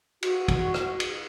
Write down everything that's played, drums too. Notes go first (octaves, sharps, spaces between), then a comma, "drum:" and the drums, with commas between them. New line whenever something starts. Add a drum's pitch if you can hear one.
F#4, drum: cymbal
drum: kick, cymbal
drum: rim click
drum: cymbal